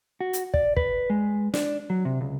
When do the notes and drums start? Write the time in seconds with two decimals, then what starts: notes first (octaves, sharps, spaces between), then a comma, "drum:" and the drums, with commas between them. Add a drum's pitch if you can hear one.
0.21 F#4
0.33 drum: hi-hat
0.54 D5, drum: kick
0.76 B4, drum: kick
1.10 G#3
1.54 D4, drum: snare
1.90 F#3
2.05 C3
2.21 C#2